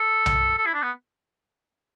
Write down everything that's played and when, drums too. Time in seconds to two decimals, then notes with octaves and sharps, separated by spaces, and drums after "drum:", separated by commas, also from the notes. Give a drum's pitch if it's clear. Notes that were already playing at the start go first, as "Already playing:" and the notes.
Already playing: A4
0.26 drum: tom B1
0.58 A4
0.66 E4
0.74 D4
0.83 B3